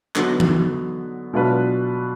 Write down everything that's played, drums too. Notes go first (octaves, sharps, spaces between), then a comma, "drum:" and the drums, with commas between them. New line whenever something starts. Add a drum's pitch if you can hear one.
D3 F#3 B3 D#4 F#4, drum: clap
drum: tom E3
B2 F#3 D4 F4 B4